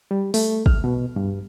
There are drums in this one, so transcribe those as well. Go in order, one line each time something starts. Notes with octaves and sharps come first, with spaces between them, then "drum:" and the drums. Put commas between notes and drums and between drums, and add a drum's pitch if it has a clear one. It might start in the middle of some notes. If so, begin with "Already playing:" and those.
G3
A3, drum: open hi-hat
F6, drum: kick
B2
G2